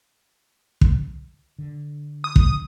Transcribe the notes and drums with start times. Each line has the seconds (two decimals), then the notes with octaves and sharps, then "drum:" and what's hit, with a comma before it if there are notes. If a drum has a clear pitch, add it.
0.81 drum: kick
1.59 D3
2.24 D#6
2.36 drum: kick